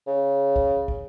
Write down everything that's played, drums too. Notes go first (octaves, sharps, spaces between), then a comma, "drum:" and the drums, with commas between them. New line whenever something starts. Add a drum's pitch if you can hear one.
C#3
drum: kick
drum: kick